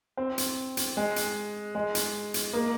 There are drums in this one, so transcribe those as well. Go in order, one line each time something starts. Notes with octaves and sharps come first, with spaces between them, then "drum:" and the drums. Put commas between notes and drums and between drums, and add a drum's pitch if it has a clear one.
C4
drum: hi-hat
drum: hi-hat
G#3
drum: hi-hat
G#3
drum: hi-hat
drum: hi-hat
A#3